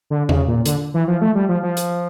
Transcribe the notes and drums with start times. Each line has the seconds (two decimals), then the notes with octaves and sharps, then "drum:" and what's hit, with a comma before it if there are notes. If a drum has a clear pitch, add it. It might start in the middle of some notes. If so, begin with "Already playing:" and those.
0.10 D3
0.29 C#3, drum: tom E2
0.47 A#2
0.66 D3, drum: hi-hat
0.94 E3
1.08 F3
1.21 A3
1.35 G3
1.49 F3
1.63 F3
1.77 drum: hi-hat